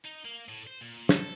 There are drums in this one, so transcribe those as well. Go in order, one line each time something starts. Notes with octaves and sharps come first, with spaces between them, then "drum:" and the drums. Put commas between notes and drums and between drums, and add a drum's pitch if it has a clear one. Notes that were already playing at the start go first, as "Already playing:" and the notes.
D#4
A#3
A2
C5
A#2
A4, drum: snare